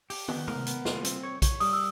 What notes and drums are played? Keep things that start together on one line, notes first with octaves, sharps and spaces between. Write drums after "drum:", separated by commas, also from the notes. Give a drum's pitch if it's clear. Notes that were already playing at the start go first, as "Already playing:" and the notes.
G4, drum: open hi-hat
B3, drum: tom
A#4, drum: tom C3
B3, drum: hi-hat
F4, drum: snare
C4, drum: hi-hat
C#5
C#5, drum: kick A#1, hi-hat
G3 D#6, drum: open hi-hat
E6